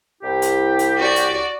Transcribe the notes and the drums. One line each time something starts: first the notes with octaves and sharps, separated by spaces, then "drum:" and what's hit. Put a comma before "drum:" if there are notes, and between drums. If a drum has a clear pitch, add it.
C2 E4 G4
drum: hi-hat
drum: hi-hat
F#4 D5
drum: hi-hat